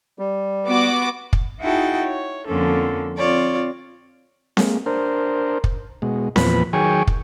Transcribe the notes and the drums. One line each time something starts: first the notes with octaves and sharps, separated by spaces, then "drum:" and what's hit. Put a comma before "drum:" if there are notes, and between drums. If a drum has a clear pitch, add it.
G3
B3 F#4 D6
drum: kick
D#4 E4 F#4 G#4 G5 A5
C#5
F2 D3 F3 A#3 C#4 A4
C4 F4 C#5 D5
G#3 A#3, drum: snare C4
D4 A#4 C5
drum: kick
B2 G#3
E2 A#2 F3 B4 B5, drum: snare C4
D#3 F#3 G#4 G5 G#5 C#6
drum: kick